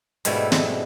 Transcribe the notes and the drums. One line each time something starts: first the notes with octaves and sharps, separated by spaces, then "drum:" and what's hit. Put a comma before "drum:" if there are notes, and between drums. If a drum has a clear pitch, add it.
G#2 B2 G3 A3 E4, drum: hi-hat
drum: snare